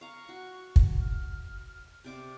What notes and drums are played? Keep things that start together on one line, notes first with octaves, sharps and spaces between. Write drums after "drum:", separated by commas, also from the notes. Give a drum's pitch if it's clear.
F5 A#5 C#6
F#4
drum: kick
F6
C3 D5 D6